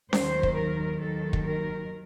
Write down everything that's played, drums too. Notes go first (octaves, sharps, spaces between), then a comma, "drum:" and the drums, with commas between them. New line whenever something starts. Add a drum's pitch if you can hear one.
D#2 D#3 F#3 C5, drum: snare C#4
drum: kick
A#4
D#2 D#3 F#3 A4
drum: kick
A#4